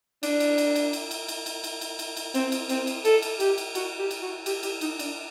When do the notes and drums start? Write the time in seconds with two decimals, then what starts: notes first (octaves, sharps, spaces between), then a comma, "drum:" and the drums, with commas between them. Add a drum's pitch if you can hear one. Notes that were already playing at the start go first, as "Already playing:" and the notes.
0.23 D4, drum: cymbal
0.40 drum: cymbal
0.58 drum: cymbal
0.76 drum: cymbal
0.93 drum: cymbal
1.11 drum: cymbal
1.28 drum: cymbal
1.46 drum: cymbal
1.64 drum: cymbal
1.81 drum: cymbal
1.99 drum: cymbal
2.17 drum: cymbal
2.34 C4, drum: cymbal
2.52 drum: cymbal
2.69 C4, drum: cymbal
2.87 drum: cymbal
3.05 A4, drum: cymbal
3.22 drum: cymbal
3.40 G4, drum: cymbal
3.58 drum: cymbal
3.75 F#4, drum: cymbal
3.99 G4
4.11 drum: cymbal
4.22 F#4
4.46 G4, drum: cymbal
4.63 G4, drum: cymbal
4.81 D#4, drum: cymbal
4.99 D4, drum: cymbal